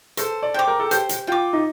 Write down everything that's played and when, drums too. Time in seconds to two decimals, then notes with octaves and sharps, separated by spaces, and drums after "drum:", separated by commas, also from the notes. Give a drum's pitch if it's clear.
0.17 A4 C5, drum: hi-hat
0.43 D5
0.54 C5 G5 D6
0.68 A#4
0.80 A4
0.91 G4 C5, drum: hi-hat
1.09 drum: hi-hat
1.27 F4 G5 D6
1.53 D#4